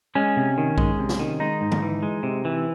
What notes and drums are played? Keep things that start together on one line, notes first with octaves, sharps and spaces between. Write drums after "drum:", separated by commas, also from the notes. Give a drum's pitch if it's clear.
G#3 C#4
C3
D#3
G#3, drum: kick A#1
C3
drum: snare
D#3
G#3 D#4
G#2
drum: tom D3
E3
G#3
C3
E3